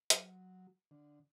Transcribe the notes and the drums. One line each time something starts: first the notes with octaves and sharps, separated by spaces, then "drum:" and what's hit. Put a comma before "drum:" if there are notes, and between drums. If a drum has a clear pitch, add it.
F#3, drum: hi-hat
D3